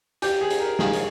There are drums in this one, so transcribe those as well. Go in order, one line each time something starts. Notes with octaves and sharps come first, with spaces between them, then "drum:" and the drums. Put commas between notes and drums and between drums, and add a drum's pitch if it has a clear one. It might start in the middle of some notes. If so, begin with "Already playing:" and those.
G4, drum: hi-hat
G#4
drum: hi-hat
A#4
G#4, drum: snare
drum: hi-hat